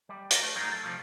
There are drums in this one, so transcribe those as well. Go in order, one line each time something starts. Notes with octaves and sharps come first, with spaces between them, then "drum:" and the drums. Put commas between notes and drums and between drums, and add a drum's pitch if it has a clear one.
G3
A#4 D5, drum: hi-hat
A3
F#3 G3 A3 D#4 G#4 A#4
A4
C3 D#3 F3 G3 A3